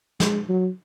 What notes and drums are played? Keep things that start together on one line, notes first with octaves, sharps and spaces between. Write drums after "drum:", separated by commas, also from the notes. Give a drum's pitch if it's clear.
G#3, drum: snare
F#3